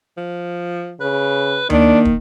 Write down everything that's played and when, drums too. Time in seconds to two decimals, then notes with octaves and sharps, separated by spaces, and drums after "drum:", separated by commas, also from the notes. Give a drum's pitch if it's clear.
0.18 F3
1.01 C#3 B4
1.70 D#3 A#3 D4, drum: tom D2
2.05 drum: kick